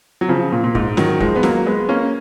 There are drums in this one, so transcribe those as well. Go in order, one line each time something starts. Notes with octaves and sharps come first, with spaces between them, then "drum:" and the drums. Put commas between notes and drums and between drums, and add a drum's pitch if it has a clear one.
F#3
C#3 F3
A#2
A#2
G#2, drum: kick
D#3 F#3, drum: snare
F3 G#3, drum: kick
B3
F#3 A#3, drum: snare
G#3 B3
A#3 C#4